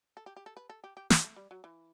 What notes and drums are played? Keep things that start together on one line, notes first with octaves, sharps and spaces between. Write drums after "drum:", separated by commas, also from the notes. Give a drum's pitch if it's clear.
A4
G4
G4
A4
B4
A4
G4
G4
F#4, drum: snare
A3
G3
F#3
E3